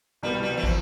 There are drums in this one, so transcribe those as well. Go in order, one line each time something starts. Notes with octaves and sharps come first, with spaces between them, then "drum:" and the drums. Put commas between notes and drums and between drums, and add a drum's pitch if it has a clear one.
C2 B2 G3 B3
G3
E3
F3, drum: kick